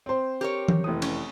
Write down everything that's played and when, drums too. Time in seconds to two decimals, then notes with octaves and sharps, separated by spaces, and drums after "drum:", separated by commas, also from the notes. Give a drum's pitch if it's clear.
0.06 C4 C5
0.41 G4 A#4 C#5
0.68 drum: tom E3
0.84 F1 E3 D#6
1.02 C#4, drum: cymbal